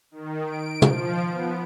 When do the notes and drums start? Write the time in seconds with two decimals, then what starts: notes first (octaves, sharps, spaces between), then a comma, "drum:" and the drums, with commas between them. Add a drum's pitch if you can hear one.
0.11 D#3
0.44 D7
0.82 F3, drum: tom
1.31 B3